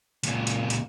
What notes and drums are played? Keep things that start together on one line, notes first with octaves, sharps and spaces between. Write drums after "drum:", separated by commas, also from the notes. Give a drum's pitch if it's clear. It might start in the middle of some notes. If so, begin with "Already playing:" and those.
C#2 A#2, drum: hi-hat
drum: hi-hat
drum: hi-hat